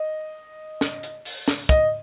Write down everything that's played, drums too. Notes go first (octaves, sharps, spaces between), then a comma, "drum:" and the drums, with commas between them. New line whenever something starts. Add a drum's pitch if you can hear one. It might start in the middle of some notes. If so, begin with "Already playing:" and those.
Already playing: D#5
drum: snare
drum: hi-hat
drum: open hi-hat
drum: snare
D#5, drum: kick, hi-hat